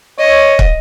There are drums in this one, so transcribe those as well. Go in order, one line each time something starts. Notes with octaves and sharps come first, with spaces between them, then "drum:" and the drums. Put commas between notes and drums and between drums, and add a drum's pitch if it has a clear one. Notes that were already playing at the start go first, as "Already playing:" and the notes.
C#5 D#5
drum: kick